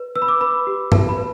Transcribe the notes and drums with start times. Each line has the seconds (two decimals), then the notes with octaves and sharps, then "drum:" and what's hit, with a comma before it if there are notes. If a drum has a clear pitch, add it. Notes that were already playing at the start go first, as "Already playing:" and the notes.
Already playing: B4
0.16 B4 E6
0.22 B5
0.28 D6
0.41 B4 B5
0.67 G4
0.92 B4 A5, drum: tom G2
1.09 B5
1.18 B4